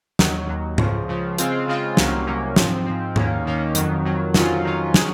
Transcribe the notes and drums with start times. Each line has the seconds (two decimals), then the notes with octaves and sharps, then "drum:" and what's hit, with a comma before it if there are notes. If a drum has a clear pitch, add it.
0.19 D#2 D#3 F#3, drum: snare
0.49 D#2 D#3 F#3
0.78 C#2 C#3 F3, drum: tom G#2
1.08 C#2 C#3 F3
1.38 C#3 G#3 C4 F4, drum: hi-hat
1.68 C#3 G#3 C4 F4
1.97 C2 C3 F#3 A#3 C#4, drum: snare
2.27 C2 C3 F#3 A#3 C#4
2.56 G#2 F3 C4, drum: snare
2.86 G#2 F3 C4
3.16 D#2 D#3 A#3 C#4, drum: tom G#2
3.45 D#2 D#3 A#3 C#4
3.75 F2 D#3 F#3, drum: hi-hat
4.05 F2 D#3 F#3
4.34 F2 D#3 F#3 C#4 F4, drum: snare
4.64 F2 D#3 F#3 C#4 F4
4.94 F#3 C#4 G#4, drum: snare